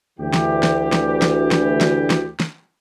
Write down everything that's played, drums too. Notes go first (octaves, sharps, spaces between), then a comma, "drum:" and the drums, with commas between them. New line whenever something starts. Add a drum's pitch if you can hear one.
D2 E3 G4
drum: snare
drum: snare
drum: snare
drum: snare
drum: snare
drum: snare
drum: snare
drum: snare